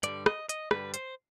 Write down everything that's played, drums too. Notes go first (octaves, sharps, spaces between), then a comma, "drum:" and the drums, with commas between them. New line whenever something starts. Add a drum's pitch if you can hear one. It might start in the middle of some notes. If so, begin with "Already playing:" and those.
G2 D3 G3 D5, drum: hi-hat
D#5, drum: rim click
D#5, drum: hi-hat
G2 D3 G3 B4, drum: rim click
C5, drum: hi-hat